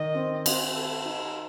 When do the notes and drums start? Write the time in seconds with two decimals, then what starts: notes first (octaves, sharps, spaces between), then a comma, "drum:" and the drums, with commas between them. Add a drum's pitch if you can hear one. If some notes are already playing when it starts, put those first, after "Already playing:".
Already playing: D#3 D#5
0.15 C4
0.46 C4, drum: cymbal
0.75 A4
1.06 D#4